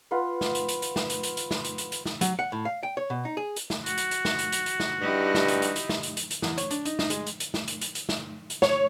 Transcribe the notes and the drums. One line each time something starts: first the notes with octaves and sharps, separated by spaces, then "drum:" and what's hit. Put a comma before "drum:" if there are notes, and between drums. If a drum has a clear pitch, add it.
F4 B4 F5 F#5
drum: snare
drum: hi-hat
drum: hi-hat
drum: hi-hat
drum: snare
drum: hi-hat
drum: hi-hat
drum: hi-hat
drum: snare
drum: hi-hat
drum: hi-hat
drum: hi-hat
drum: snare
F#3, drum: hi-hat
F#5
A2
F5
G5
C#5
B2
D#4
G#4
drum: hi-hat
drum: snare
F#4, drum: hi-hat
drum: hi-hat
drum: hi-hat
drum: snare
drum: hi-hat
drum: hi-hat
drum: hi-hat
drum: snare
G2 D#4 E4 G4
drum: snare
drum: hi-hat
drum: hi-hat
drum: hi-hat
drum: snare
drum: hi-hat
drum: hi-hat
drum: hi-hat
E2, drum: snare
C#5, drum: hi-hat
D4, drum: hi-hat
D#4, drum: hi-hat
D#4, drum: snare
G#3, drum: hi-hat
drum: hi-hat
drum: hi-hat
drum: snare
drum: hi-hat
drum: hi-hat
drum: hi-hat
drum: snare
drum: hi-hat
C#5, drum: snare